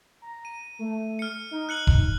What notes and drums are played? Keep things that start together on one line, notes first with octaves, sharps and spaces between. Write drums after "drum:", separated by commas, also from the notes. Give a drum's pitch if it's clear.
A#5
D#7
A3
F6 C#7
D#4
F#6 C#7 F#7
drum: kick E1